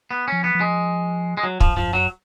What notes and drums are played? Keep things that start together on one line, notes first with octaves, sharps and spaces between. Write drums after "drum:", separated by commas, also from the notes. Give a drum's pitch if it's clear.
B3
F3 C#4
B3
F3
G#3
G#3
F#3
F3, drum: kick
F#2
F3
F#2
F#3